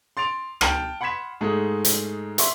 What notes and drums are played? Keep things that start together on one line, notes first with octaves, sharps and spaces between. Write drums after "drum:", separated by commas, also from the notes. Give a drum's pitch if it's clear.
C6 A6 D7 F7
G5 A5 F6, drum: rim click
F#5 B5 C6 G#6 B6 E7
G#2 G#3 A3
drum: hi-hat
E5 F#5 C6 C#6, drum: hi-hat